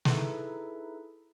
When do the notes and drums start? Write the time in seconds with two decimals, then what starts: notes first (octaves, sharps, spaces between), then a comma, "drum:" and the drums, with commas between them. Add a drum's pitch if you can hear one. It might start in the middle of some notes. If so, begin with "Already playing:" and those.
0.05 D#4 E4 G#4 A4 B4 E5, drum: snare